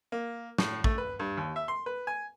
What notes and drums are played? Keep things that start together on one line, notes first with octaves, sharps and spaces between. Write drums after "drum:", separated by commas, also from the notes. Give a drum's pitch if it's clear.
A#3
A2, drum: snare
A3, drum: kick A1
B4
G2
D#2
E5
C6
B4
G#5